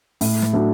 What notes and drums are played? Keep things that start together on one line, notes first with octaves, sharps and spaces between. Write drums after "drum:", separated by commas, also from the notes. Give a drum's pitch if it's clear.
A2, drum: open hi-hat
drum: snare
F#3 A3 D4